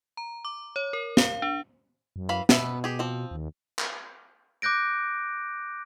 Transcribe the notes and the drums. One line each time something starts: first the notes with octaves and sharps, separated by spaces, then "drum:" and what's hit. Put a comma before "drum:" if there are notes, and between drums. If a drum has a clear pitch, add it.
A#5
D6
C#5
A#4
F5, drum: snare
D4
F#2
E3 F5 B5
B2 B3 B4 E5, drum: snare
G4 G#4
F3 C4
D#2
drum: clap
D6 F#6 G6 A#6 D7